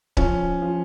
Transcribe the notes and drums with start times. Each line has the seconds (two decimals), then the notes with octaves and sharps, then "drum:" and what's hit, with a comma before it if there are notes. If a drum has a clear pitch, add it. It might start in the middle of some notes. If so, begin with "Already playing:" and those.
0.17 F3 C#4, drum: kick C#1
0.62 F3